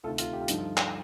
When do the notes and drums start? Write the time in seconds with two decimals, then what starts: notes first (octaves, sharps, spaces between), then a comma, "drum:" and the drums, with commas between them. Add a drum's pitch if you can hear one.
0.04 D2 C3 D#3 F4 A4
0.18 F4, drum: hi-hat
0.33 G4
0.42 F4
0.48 G2 D3 F3 D#4, drum: hi-hat
0.58 F4
0.77 drum: clap